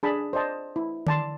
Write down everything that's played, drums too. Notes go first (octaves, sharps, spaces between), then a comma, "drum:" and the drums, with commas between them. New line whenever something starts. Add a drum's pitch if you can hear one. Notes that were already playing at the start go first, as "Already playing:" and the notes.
D4 G#4 A5 B5
C5 D5 D#5 A5
E4
D5 A5 C6, drum: tom D3